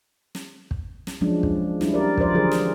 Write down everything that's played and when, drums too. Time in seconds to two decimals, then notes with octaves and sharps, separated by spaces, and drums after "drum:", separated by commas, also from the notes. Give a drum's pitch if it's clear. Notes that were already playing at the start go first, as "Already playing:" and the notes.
0.35 drum: snare
0.71 drum: kick
1.07 drum: snare
1.21 F3 F#3 G#3 C#4 D4
1.43 drum: kick
1.81 G3 D4 E4, drum: snare
1.94 C#4 G4 A#4 D5
2.18 F3 A#4 C5 D5, drum: kick
2.33 D3 E3 F#3 G#4 A#4
2.51 drum: snare